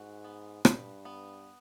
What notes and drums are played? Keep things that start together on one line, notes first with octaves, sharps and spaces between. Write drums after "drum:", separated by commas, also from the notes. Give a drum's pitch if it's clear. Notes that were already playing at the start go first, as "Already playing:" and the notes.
Already playing: G#2 F#4
B3
G2 B4, drum: rim click
B3